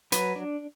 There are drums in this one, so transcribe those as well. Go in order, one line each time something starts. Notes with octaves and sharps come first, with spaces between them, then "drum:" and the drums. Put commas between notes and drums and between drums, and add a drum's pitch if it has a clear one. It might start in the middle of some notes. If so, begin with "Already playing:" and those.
F#3 B4, drum: hi-hat
D4